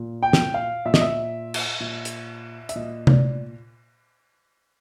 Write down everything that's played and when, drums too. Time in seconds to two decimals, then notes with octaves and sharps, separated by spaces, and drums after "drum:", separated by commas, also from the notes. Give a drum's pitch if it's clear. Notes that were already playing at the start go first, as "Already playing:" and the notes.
Already playing: A#2
0.23 G5
0.33 drum: snare
0.54 F5
0.85 A#2 E5
0.94 D#5, drum: snare
1.01 E5
1.54 drum: cymbal
1.80 A#2
2.05 drum: hi-hat
2.69 E5, drum: hi-hat
2.76 A#2 D#5
3.07 D5, drum: tom C3